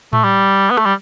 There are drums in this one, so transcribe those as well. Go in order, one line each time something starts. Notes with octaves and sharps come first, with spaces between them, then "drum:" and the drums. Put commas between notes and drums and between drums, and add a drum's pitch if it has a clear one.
A3, drum: tom A2
G3
B3
A3, drum: rim click
G3